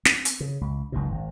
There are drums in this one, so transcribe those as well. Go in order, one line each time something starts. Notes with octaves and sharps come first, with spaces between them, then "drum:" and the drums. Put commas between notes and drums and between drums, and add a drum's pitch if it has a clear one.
C4, drum: snare
drum: hi-hat
C#3
C#2
F#1 C#2 G#2 B2
G#1